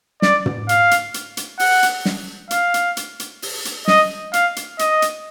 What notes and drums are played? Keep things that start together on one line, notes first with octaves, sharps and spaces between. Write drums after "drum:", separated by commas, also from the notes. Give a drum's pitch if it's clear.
D5, drum: snare
drum: tom
F5, drum: hi-hat
drum: hi-hat
drum: hi-hat
drum: hi-hat
F#5, drum: open hi-hat
drum: hi-hat
drum: snare
F5, drum: hi-hat
drum: hi-hat
drum: hi-hat
drum: hi-hat
drum: open hi-hat
drum: hi-hat
D#5, drum: snare
F5, drum: hi-hat
drum: hi-hat
D#5, drum: hi-hat
drum: hi-hat